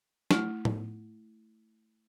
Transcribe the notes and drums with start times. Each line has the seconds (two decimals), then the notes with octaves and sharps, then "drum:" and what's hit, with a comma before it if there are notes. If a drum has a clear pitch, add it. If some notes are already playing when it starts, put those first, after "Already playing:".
0.31 A3 E4, drum: snare
0.65 drum: tom A2